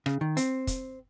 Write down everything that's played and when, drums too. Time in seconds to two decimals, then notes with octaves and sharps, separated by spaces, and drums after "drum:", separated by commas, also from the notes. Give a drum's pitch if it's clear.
0.06 C#3, drum: rim click
0.21 D#3
0.37 C4, drum: hi-hat
0.67 drum: kick, hi-hat